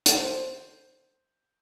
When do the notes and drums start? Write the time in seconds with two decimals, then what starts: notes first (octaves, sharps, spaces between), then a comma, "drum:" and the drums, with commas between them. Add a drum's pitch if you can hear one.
0.06 drum: hi-hat
0.17 C5